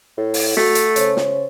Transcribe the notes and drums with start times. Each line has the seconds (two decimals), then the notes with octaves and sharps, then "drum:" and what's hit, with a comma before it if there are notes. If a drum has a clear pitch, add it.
0.18 A2
0.34 drum: open hi-hat
0.57 A3 F#4, drum: snare
0.75 drum: hi-hat
0.96 C#3 C5 C#5, drum: hi-hat
1.17 drum: snare